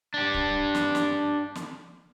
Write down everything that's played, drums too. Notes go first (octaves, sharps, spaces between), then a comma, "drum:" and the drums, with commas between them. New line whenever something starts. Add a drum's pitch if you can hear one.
D4 G4
drum: kick C#1
drum: snare
drum: snare
drum: snare